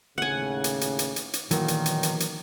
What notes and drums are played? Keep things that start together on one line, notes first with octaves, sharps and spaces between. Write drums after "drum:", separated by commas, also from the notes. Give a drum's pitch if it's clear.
D#2 A2 C#3 F#5 G#5
drum: hi-hat
drum: hi-hat
drum: hi-hat
drum: hi-hat
drum: hi-hat
B1 A#2 D#3 E3 F#3 A#3, drum: hi-hat
drum: hi-hat
drum: hi-hat
drum: hi-hat
drum: hi-hat